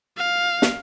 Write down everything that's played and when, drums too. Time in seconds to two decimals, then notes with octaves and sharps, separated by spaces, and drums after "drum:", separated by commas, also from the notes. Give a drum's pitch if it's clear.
0.18 F5
0.62 drum: snare